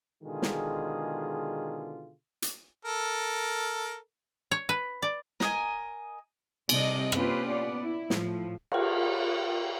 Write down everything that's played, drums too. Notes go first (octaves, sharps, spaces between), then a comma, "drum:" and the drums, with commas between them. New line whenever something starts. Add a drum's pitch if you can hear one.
B2 D3 D#3 G#3 F4 G#4
drum: snare
drum: hi-hat
A4 A#4
C#5
B4
D5
A#4 D#5 G#5, drum: snare
C3 G3 D5 D#5, drum: cymbal
A#3 C4 C#4 F4 G4 B4, drum: rim click
B3 D5
E4
A2 F3, drum: snare
F4 A#4, drum: cymbal